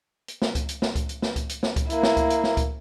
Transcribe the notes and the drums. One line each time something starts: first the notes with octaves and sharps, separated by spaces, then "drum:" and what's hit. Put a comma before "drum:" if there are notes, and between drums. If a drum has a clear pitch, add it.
drum: hi-hat
drum: snare
drum: kick C#2, hi-hat
drum: hi-hat
drum: snare
drum: kick C#2, hi-hat
drum: hi-hat
drum: snare
drum: kick C#2, hi-hat
drum: hi-hat
drum: snare
drum: kick C#2, hi-hat
A#3 E4, drum: hi-hat
drum: snare
drum: kick C#2, hi-hat
drum: hi-hat
drum: snare
drum: kick C#2, hi-hat